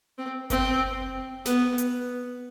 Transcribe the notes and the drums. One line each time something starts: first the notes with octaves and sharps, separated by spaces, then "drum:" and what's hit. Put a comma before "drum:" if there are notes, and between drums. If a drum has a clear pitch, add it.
C4
C4, drum: kick F#1, hi-hat
B3, drum: snare
drum: hi-hat